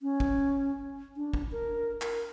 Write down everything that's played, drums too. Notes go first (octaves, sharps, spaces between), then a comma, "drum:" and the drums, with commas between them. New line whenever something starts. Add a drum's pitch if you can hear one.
C#4
drum: kick
D4
drum: kick
A#4
A#4, drum: clap